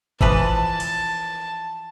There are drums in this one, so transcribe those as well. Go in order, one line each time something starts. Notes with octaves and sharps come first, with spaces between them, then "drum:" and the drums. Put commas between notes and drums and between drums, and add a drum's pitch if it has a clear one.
E3 F3 B4 A5, drum: kick F#1
drum: open hi-hat